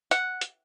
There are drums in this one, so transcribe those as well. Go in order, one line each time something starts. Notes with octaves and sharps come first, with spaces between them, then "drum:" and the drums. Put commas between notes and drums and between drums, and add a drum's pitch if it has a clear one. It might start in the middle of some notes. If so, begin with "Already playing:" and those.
F#5, drum: hi-hat
drum: hi-hat